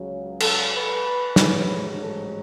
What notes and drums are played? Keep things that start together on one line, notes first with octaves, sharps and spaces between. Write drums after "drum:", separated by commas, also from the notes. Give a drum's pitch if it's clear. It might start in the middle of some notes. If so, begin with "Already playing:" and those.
Already playing: C#2 C#3 F#3
A4, drum: cymbal
B4
A1 G#2 F#3, drum: snare
A4